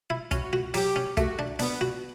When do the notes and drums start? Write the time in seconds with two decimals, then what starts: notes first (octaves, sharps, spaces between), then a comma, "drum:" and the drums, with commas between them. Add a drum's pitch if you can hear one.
0.10 E4
0.31 C#4 F#4, drum: kick, hi-hat
0.53 F#4
0.74 F#3 G4, drum: open hi-hat
0.96 C#4
1.17 A3 F#4, drum: kick, hi-hat
1.39 D4
1.59 B3 D4, drum: open hi-hat
1.81 F#4